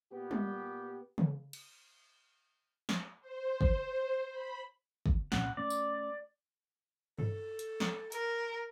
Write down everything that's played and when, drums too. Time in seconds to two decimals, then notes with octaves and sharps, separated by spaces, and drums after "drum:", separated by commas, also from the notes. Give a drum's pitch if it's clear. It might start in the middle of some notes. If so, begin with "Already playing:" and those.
0.12 A#2 B3 G4
0.31 drum: tom G3
1.18 drum: tom C#3
1.53 drum: cymbal
2.89 drum: snare
3.21 C5
3.61 drum: kick
4.30 B5
5.06 drum: kick
5.32 C2 A#2 C#4 F#5, drum: snare
5.57 A3 C#4 D5
5.70 drum: tambourine
7.19 A4, drum: tom G2
7.59 drum: hi-hat
7.80 drum: snare
8.12 A#4, drum: hi-hat